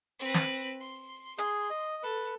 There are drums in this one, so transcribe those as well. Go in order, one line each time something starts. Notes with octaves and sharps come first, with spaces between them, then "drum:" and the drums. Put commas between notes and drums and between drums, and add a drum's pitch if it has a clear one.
C4 B4
drum: snare
C6
G#4, drum: hi-hat
D#5
A4 B4